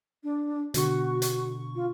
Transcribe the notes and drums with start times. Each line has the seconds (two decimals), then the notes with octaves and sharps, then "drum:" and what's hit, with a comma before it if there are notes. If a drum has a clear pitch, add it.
0.24 D4
0.74 B2 D3 F#4 C#6, drum: hi-hat
1.22 drum: hi-hat
1.75 F4